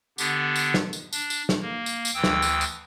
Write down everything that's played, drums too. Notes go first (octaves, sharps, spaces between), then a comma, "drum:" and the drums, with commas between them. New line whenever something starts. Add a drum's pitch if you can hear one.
D3 B3 D4 G4, drum: tambourine
drum: tambourine
drum: snare
drum: tambourine
D4, drum: tambourine
drum: tambourine
drum: snare
A#3
drum: tambourine
drum: tambourine
D2 E3 G5 D#6 E6
drum: snare
drum: tambourine
drum: tambourine